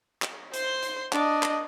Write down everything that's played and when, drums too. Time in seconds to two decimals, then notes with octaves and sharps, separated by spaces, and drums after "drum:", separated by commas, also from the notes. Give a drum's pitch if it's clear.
0.22 drum: clap
0.53 C5 C6, drum: hi-hat
0.82 drum: hi-hat
1.13 D4 D#5, drum: clap
1.43 drum: clap